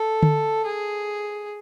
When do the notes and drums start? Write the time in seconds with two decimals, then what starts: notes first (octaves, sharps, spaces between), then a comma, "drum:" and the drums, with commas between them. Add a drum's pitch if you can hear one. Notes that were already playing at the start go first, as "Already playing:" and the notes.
Already playing: A4
0.23 drum: tom D3
0.65 G#4